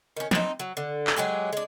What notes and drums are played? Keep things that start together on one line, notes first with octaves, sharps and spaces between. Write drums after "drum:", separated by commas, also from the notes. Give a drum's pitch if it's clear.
D#3 C#4
C4 D#4, drum: snare
F#3
D3
drum: clap
F#3 G#3 G4 G#4
G#3 D4